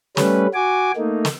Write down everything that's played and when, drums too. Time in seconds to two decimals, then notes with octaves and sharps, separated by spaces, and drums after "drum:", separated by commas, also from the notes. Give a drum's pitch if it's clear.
0.17 G3 A3 C#4 B4, drum: snare
0.54 F#4 G#5 D6
0.97 A3 A#3 D#4
1.25 drum: snare